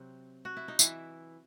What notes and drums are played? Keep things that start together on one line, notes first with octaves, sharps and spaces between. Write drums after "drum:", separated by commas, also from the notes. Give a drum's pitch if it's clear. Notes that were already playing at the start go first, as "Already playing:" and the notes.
Already playing: C3 F#3 C4
F#4
E4
D#4
E3 E4, drum: tambourine